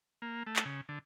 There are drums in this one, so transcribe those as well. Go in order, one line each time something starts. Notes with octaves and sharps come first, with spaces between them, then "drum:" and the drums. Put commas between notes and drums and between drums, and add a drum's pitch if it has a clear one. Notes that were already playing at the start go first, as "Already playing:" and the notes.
A#3
A3
drum: clap
C#3
D3